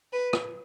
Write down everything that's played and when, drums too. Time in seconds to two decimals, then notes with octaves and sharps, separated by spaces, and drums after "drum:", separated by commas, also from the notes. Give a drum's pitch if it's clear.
0.13 B4
0.33 drum: rim click